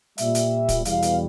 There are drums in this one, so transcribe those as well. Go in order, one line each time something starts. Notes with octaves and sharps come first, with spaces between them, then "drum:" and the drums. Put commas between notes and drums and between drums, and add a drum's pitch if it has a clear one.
A#2 G3 E5, drum: hi-hat
drum: hi-hat
drum: kick, hi-hat
E2 B2 G3 F5, drum: hi-hat
drum: hi-hat